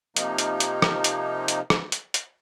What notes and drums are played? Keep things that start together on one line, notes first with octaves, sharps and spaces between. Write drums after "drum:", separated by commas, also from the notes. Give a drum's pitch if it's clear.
C3 F3 A#3 D#4, drum: hi-hat
drum: hi-hat
drum: hi-hat
drum: rim click
drum: hi-hat
drum: hi-hat
drum: rim click
drum: hi-hat
drum: hi-hat